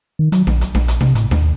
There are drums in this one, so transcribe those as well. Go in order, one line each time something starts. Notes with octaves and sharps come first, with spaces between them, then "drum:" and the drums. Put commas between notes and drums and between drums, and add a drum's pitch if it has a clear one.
D#3
F#3, drum: hi-hat
A#1, drum: snare D4
drum: hi-hat
A#1, drum: snare D4
drum: hi-hat
C3, drum: snare D4
A2, drum: hi-hat
D#2, drum: snare D4